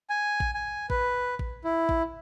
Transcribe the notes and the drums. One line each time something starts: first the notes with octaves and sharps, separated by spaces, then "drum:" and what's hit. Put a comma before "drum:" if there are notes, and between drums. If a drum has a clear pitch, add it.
G#5
drum: kick A1
G#5
B4, drum: kick A1
drum: kick A1
E4
drum: kick A1